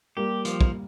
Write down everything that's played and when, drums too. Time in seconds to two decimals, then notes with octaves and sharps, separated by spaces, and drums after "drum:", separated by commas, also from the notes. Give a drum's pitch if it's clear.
0.17 G3 A#3 G4
0.45 F3, drum: hi-hat
0.61 drum: kick